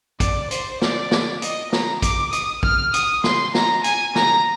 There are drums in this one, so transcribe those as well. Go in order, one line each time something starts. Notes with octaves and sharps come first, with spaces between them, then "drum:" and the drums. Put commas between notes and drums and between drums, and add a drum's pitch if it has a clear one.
D5, drum: kick, hi-hat
C5, drum: hi-hat
D5, drum: snare
drum: snare
D#5, drum: hi-hat
A#5, drum: snare
D6, drum: kick, hi-hat
D#6, drum: hi-hat
F6, drum: kick
D#6, drum: hi-hat
C6, drum: snare
A#5, drum: snare
G#5, drum: hi-hat
A#5, drum: snare